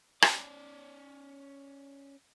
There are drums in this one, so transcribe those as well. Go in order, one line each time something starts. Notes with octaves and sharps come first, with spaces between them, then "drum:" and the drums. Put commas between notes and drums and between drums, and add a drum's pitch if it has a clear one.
C#4 D5, drum: rim click